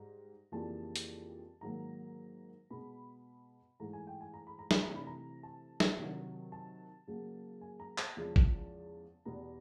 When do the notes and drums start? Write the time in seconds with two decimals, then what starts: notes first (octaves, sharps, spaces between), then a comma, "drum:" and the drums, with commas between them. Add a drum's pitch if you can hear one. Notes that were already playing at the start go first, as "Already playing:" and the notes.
Already playing: G#2 G3 A#5
0.52 F2 C#3 E3 G3 A#3 A5
0.96 drum: hi-hat
1.61 G#2 D#3 F#3 A#3 A#5
2.70 B2 G#3 B3 B5
3.80 G#2 E3 A3 A#5
3.93 G#5
4.07 G5
4.21 G#5
4.34 A#5
4.47 B5
4.59 A#5
4.71 B5, drum: snare
4.83 A#5
4.89 C3 E3 A3
4.95 B5
5.07 A#5
5.43 A5
5.80 drum: snare
5.98 C3 D#3 F#3
6.52 A5
7.07 C#3 F#3 A#3
7.61 G#5
7.80 A#5
7.98 A5, drum: clap
8.17 E2 C#3 F3 G#3
8.36 drum: kick G#1
9.25 E2 B2 G3 B3 A#5